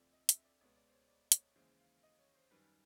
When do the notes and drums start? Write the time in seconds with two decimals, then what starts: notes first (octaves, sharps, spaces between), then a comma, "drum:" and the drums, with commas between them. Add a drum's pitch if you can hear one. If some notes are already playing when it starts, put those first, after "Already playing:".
Already playing: D2 C3 F3 A3 D5
0.13 D#5
0.29 E5, drum: hi-hat
0.45 D5
0.60 C#2 B2 G#3 B3 C#5
0.76 D5
0.88 C5
0.92 C#5
1.08 D5
1.32 C#5, drum: hi-hat
1.55 D#2 C#3 E3 G#3 C5
1.79 F5
2.03 D#5
2.19 C#5
2.35 C5
2.51 F#2 D#3 G3 B4